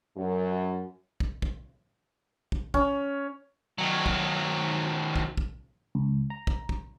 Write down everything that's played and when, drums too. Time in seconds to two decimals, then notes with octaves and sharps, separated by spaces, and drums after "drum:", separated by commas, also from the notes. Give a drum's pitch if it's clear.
0.17 F#2
1.20 drum: kick
1.42 drum: kick
2.52 drum: kick
2.74 C#4, drum: kick
3.78 D#3 F#3
4.06 drum: kick
5.16 drum: kick
5.37 drum: kick
5.95 C#2
6.30 A#5
6.47 drum: kick
6.69 drum: kick